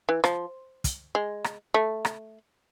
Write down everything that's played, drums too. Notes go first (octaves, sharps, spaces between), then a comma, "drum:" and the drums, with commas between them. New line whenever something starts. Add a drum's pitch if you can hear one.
E3
F3, drum: rim click
drum: kick, hi-hat
G#3
drum: rim click
A3
drum: rim click